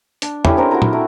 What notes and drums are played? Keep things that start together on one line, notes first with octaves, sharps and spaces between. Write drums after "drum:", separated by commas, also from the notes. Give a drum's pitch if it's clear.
D4, drum: hi-hat
C#4 E4 G4 A4, drum: tom
C4 D4 A#4 C5
F#4 A#4 A#5
drum: tom
A3 E4